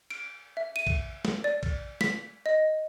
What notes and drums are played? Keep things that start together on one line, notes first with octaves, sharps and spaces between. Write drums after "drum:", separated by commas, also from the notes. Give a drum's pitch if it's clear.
D7, drum: cymbal
E5
D#7
drum: kick A#1, cymbal
drum: snare
D5
drum: kick A#1, cymbal
B6, drum: snare
D#5